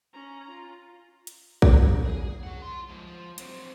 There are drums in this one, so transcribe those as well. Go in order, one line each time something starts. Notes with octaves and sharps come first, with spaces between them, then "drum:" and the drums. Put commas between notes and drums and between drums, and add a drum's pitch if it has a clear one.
C#4 A#5
F4
drum: hi-hat
drum: kick A#1
G#4
C#5 F#5
F4 C6
G#2 F3
F3
F#3 C4, drum: hi-hat